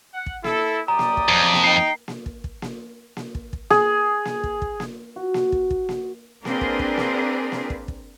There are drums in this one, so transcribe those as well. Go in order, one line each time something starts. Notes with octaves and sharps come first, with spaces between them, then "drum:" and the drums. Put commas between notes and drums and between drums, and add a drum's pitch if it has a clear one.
F#5
drum: kick
E4 A4, drum: snare A#3
F#2 G4 D5 A#5 D#6
drum: snare A#3
drum: kick
F2
drum: snare A#3
D#4 G5 C7
drum: snare A#3
drum: kick
drum: kick
drum: snare A#3
drum: snare A#3
drum: kick
drum: kick
G#4, drum: snare A#3
drum: snare A#3
drum: kick
drum: kick
drum: snare A#3
F#4
drum: snare A#3
drum: kick
drum: kick
drum: snare A#3
A#3 C4 D4 G#4 A#4 B4, drum: snare A#3
drum: kick
drum: kick
drum: snare A#3
drum: snare A#3
drum: kick
drum: kick